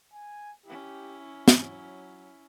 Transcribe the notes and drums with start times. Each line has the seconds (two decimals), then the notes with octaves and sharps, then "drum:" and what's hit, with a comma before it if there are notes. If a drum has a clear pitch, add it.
0.13 G#5
0.65 C#4 E4 G4
1.48 F#3, drum: snare